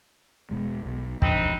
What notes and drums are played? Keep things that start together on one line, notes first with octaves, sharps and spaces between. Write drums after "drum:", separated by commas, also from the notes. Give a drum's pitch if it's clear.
E1 B2 G#3
B1
E1 F3 C4 D4 D#4 B4, drum: kick